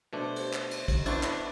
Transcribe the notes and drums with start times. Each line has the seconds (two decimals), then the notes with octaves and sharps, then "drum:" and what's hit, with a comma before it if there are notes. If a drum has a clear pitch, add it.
0.13 B2 A3 D4 C5
0.36 drum: cymbal
0.53 drum: clap
0.71 drum: cymbal
0.88 drum: kick, cymbal
1.06 B3 D4 E4 F#4 C5, drum: cymbal
1.23 drum: clap